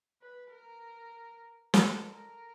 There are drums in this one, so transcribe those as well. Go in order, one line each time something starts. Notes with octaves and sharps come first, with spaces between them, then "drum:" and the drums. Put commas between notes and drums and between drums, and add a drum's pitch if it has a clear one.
B4
A#4
A4, drum: snare
A#4